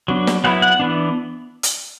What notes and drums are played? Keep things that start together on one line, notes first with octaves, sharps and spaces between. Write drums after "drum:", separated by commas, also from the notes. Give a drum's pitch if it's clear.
F#3 B3 D4
drum: snare
F#3 B3 E4 F#5
F#5
E3 B3 D4
drum: hi-hat